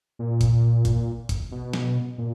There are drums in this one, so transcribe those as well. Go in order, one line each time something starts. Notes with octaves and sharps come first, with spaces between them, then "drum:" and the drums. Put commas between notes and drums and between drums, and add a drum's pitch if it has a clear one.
A#2
drum: kick, hi-hat
drum: kick, hi-hat
drum: kick, hi-hat
B2
drum: snare
A#2